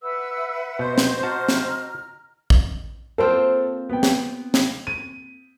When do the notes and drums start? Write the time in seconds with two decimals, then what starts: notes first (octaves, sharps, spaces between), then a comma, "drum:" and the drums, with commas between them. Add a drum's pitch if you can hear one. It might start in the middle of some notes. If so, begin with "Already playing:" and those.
0.03 B4 E5 F#5 E6
0.79 B2 C5 D#5
0.98 drum: snare
1.23 F#4 A5 A#5 F6
1.48 drum: snare
2.50 drum: kick
3.18 A#3 C4 F4 A4 C5
3.90 B3 G5
4.03 drum: snare
4.54 drum: snare
4.87 D#7